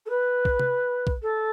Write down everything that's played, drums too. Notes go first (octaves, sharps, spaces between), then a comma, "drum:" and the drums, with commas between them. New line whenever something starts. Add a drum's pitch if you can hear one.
A4
B4
drum: kick
drum: tom C3
drum: kick
A4